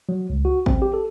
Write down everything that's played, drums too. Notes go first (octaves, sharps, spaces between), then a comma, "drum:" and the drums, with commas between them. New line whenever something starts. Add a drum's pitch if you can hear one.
F#3
C#2
F#4
C4, drum: kick A1
G4
A4